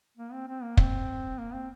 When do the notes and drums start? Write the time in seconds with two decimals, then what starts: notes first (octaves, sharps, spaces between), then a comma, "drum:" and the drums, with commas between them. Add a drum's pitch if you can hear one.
0.17 A#3
0.32 C4
0.48 C4
0.63 A#3
0.77 C4, drum: kick
1.38 A#3
1.53 C4